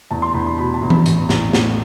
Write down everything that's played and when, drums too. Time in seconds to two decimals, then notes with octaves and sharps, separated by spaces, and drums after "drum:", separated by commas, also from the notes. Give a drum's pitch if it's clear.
0.11 E2 A5
0.22 C6
0.34 E2 B5
0.46 B5
0.58 B2 B5
0.74 A5
0.82 E2
0.90 B5, drum: tom E3
1.06 A1, drum: hi-hat
1.29 A1, drum: snare
1.53 A2, drum: snare